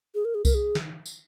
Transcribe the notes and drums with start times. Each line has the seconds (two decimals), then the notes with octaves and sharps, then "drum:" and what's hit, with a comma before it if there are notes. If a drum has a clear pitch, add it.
0.15 G#4
0.25 A#4
0.35 G#4
0.45 A#4, drum: kick C2, tambourine
0.54 G#4
0.75 drum: snare
1.06 drum: tambourine